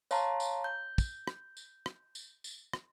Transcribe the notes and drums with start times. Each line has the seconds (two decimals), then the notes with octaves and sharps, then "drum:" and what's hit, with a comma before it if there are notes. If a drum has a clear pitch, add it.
0.11 C#5 F5 A5 A#5 C6, drum: tambourine
0.40 drum: tambourine
0.64 G6
0.98 drum: kick, tambourine
1.27 drum: rim click
1.57 drum: tambourine
1.86 drum: rim click
2.15 drum: tambourine
2.44 drum: tambourine
2.73 drum: rim click